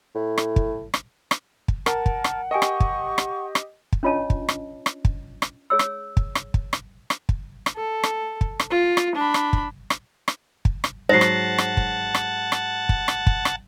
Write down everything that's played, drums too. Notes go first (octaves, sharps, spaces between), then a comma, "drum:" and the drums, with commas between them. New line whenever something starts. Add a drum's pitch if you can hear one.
A2
drum: rim click
drum: kick
drum: rim click
drum: rim click
drum: kick
A#4 F#5 A5, drum: rim click
drum: kick
drum: rim click
G4 A#4 D#5 G5 G#5 C#6
drum: rim click
drum: kick
drum: rim click
drum: rim click
drum: kick
C#4 D4 F4 C#5 D#5 A5
drum: kick
drum: rim click
drum: rim click
drum: kick
drum: rim click
G#4 C#5 E6
drum: rim click
drum: kick
drum: rim click
drum: kick
drum: rim click
drum: rim click
drum: kick
drum: rim click
A4
drum: rim click
drum: kick
drum: rim click
F4
drum: rim click
D4 B5
drum: rim click
drum: kick
drum: rim click
drum: rim click
drum: kick
drum: rim click
G#2 F#3 C5 F#5 A5 A#6 C7
drum: rim click
drum: rim click
drum: kick
drum: rim click
drum: rim click
drum: kick
drum: rim click
drum: kick
drum: rim click